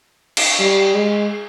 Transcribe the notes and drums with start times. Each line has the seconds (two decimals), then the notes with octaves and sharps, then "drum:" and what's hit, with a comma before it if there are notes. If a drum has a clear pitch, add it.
0.37 drum: cymbal
0.60 G3
0.95 G#3